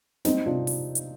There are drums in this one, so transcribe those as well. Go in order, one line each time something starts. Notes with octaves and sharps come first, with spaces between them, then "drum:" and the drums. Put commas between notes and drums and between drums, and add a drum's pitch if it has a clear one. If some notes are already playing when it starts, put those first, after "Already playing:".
G3 C4 D#4, drum: snare
C3 D4 F4
drum: open hi-hat
drum: hi-hat